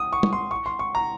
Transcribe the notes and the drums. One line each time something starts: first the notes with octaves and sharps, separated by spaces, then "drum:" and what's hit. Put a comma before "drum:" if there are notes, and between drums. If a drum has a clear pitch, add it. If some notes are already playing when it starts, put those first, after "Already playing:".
Already playing: D#6
C#6
drum: tom
C6
C#6
C6
C#6
A#5